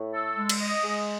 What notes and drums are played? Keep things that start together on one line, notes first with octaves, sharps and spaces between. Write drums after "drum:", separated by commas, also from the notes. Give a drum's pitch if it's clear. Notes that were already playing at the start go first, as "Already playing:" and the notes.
Already playing: A2
A4
G#3
drum: cymbal
D#5
G#3